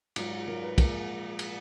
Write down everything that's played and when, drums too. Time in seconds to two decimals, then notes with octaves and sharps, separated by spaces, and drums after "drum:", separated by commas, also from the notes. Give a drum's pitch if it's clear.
0.16 G#2 F#3 F4, drum: cymbal
0.32 F4
0.47 G#2 F#3 A#4
0.63 B4
0.78 A#2 F3 G#3 A#4, drum: kick, cymbal
1.39 drum: cymbal